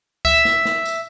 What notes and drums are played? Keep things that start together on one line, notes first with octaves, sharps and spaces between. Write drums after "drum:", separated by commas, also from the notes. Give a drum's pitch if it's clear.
E5, drum: kick C#2
drum: snare
drum: snare
drum: tambourine